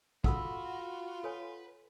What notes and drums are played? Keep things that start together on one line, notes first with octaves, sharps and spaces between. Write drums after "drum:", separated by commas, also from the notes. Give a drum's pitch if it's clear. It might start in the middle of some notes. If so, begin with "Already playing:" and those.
F4 F#4 A4 F5 F#5 B5 E6, drum: kick
A4 B4 C#5 G#5